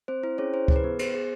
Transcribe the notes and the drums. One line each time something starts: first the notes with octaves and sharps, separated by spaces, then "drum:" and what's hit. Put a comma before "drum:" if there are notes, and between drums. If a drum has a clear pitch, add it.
C4 C5
E4 C5
C#4 G#4 C#5
E4 C5
G#4, drum: kick C#2
B4
B3
B3 C5, drum: cymbal
G#4